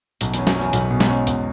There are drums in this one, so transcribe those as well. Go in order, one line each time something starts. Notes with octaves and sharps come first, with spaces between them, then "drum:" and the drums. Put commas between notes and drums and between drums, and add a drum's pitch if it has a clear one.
B1 F#2, drum: hi-hat
E2 C#4, drum: hi-hat
F#2, drum: snare
E2 C#4
B1 F#2, drum: hi-hat
B2
G#2, drum: snare
C#4
E2, drum: hi-hat